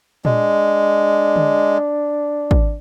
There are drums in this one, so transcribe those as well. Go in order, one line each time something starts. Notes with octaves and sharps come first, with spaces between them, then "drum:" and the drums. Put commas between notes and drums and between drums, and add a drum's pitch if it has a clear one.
G#3 D4, drum: tom A#2
drum: tom D3
drum: kick